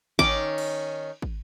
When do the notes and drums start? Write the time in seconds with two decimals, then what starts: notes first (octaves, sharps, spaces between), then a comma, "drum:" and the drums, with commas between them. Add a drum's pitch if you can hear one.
0.19 D#3 C#4 D6, drum: kick
0.58 drum: cymbal
1.22 drum: kick